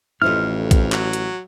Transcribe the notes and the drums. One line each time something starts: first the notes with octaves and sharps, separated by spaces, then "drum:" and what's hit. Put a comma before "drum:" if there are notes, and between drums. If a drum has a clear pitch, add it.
A1 F2 E4 C5 D#5 F6
drum: kick A#1, hi-hat
F#3, drum: clap
drum: hi-hat